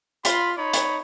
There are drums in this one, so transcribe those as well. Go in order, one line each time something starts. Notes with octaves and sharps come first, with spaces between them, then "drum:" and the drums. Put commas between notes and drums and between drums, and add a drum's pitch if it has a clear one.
F4 B5 C6, drum: hi-hat
D#4 C#5 B5
drum: hi-hat